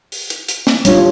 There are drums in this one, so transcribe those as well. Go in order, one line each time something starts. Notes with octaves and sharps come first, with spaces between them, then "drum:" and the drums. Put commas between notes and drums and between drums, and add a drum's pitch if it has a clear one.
drum: open hi-hat
drum: hi-hat
drum: hi-hat
drum: snare
G3 D4 F4 C#5, drum: hi-hat